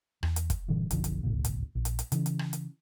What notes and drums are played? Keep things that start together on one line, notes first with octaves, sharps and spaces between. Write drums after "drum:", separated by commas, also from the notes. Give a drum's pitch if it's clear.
E2, drum: rim click
drum: hi-hat
drum: kick, hi-hat
G2 A#2 D3 E3
F#1 B1 D3 F3, drum: hi-hat
drum: hi-hat
D1 G#1 C#2 A#2
drum: hi-hat
A#1
drum: hi-hat
drum: hi-hat
C#3 E3, drum: hi-hat
drum: hi-hat
drum: rim click
drum: hi-hat